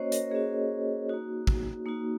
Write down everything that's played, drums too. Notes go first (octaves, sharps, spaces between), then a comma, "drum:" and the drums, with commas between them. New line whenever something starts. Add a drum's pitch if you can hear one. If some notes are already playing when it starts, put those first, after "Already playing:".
Already playing: A#3 C#4 F#4 C5 C#5 D#5
A#4, drum: hi-hat
A#3 C#4 F#4 G#4
A#3 D#4 F#4
drum: kick
A#3 D#4 F#4